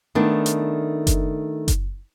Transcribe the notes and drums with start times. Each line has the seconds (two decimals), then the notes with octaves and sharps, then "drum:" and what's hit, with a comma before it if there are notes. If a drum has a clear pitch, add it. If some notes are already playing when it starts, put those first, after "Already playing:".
0.15 D#3 A3 B3 D4
0.46 drum: hi-hat
1.07 drum: kick F#1, hi-hat
1.68 drum: kick F#1, hi-hat